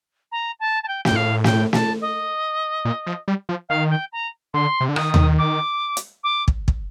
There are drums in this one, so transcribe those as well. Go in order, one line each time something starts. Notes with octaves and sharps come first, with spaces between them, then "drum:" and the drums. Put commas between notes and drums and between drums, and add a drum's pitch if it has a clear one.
A#5
A5
A5
G5
G5, drum: snare
G2
A2 F5
G5, drum: snare
A5, drum: snare
D#5
A#2
F3
G3
F3
D#3 F5
G5
A#5
D3 C6
C3
D3
D#3 D#6, drum: rim click
drum: tom D#2
D6
drum: hi-hat
D6
drum: kick
drum: kick